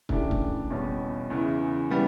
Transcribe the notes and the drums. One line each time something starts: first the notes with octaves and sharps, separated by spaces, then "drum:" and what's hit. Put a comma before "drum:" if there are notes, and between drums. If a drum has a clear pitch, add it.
C#3 E3 A3 D4 G4, drum: kick
drum: kick
E2 B2 G3 C#4
E2 C#3 E3
C#3 E3 G3 B3